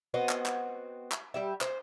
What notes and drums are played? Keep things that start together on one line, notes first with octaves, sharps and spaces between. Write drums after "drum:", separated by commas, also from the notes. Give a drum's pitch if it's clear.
B3 C4 F#4 D#5
drum: clap
drum: clap
drum: clap
G3 G4 E5
C5, drum: clap